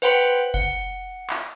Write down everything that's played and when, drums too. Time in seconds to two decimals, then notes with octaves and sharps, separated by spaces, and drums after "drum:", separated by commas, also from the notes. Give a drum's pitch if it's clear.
0.02 B4 C5 F#5 G5 B5
0.54 F#5, drum: kick F#1
1.30 drum: clap